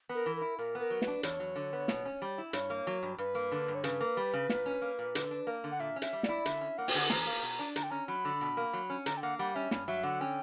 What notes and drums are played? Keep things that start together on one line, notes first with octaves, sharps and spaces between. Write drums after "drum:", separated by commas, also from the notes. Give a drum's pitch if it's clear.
B3
A#4
E3
A#4
E4
A#2 A#4
B3 A#4
F#3
B4, drum: snare
D4
E2 C#5, drum: hi-hat
F#3
D3
B3
B2, drum: snare
C#4
G3
E4
G2 C#5, drum: hi-hat
A#3
F#3
G2
G2 B4
A#3
D3
G2
C#5
C#3 B4, drum: hi-hat
A#3
G3
C#3
A#2, drum: snare
C#4
A#3
A#2
D3, drum: hi-hat
D4
A#3
D3
F#5
A#2 E5
C#4
E5, drum: hi-hat
G3
D5, drum: snare
E4
D3 E5, drum: hi-hat
C#4
A#3 F#5
G5, drum: open hi-hat
D3 F#5
E2 A#5, drum: snare
A#3
B2
D4
D3 A#5, drum: hi-hat
G5
C#4 A#5
F#3 B5
D3
B2
A#3
F#3
C#4
D3 A#5, drum: hi-hat
G5
A#3 F#5
G3 F#5
C#4 E5
G2, drum: snare
F#3 E5
D3 F#5
C#4 G5